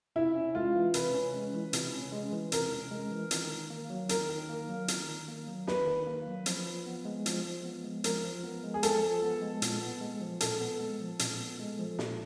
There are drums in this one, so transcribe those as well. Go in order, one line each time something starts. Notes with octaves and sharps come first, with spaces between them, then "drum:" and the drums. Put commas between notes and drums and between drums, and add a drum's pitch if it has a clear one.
C3 E4
C#4
G#3 F4
E3
C3 B4, drum: hi-hat
C#4
G#3
E3
C3, drum: hi-hat
C#4
G#3
E3
C3 A#4, drum: hi-hat
C#4
G#3
E3
D#3, drum: hi-hat
D#3
A#3
F#3
D#3 A#4, drum: hi-hat
D#3
A#3
F#3
D#3, drum: hi-hat
D#3
A#3
F#3
D#3 B4, drum: snare
D#3
A#3
F#3
F3, drum: hi-hat
F3
B3
G#3
F3, drum: hi-hat
F3
B3
G#3
F3 A#4, drum: hi-hat
F3
B3
G#3
G#4
F3 A4, drum: hi-hat
F3
B3
G#3
A#2, drum: hi-hat
B3
G#3
F3
A#2 A4, drum: hi-hat
B3
G#3
F3
A#2, drum: hi-hat
B3
G#3
F3
A#2, drum: snare